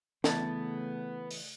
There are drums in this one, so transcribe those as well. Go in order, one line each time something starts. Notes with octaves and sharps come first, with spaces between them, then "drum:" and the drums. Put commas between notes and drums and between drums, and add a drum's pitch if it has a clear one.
C#3 E3 A3 B3 E4 A5, drum: snare
drum: open hi-hat